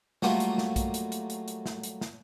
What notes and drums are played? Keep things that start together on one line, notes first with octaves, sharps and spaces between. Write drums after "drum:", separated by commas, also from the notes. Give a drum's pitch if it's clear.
F#3 G3 A3 A#3 F4, drum: snare
drum: hi-hat
drum: snare
drum: kick, hi-hat
drum: hi-hat
drum: hi-hat
drum: hi-hat
drum: hi-hat
drum: snare
drum: hi-hat
drum: snare